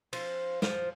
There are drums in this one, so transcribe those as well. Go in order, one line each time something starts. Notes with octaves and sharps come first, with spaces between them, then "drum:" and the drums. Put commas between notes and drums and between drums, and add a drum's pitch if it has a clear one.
F3, drum: cymbal
F3, drum: snare